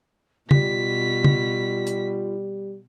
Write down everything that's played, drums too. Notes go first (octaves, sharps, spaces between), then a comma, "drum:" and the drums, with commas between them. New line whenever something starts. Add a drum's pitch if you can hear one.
B2 G3 F4 B6, drum: tom C#3
drum: tom C#3
drum: hi-hat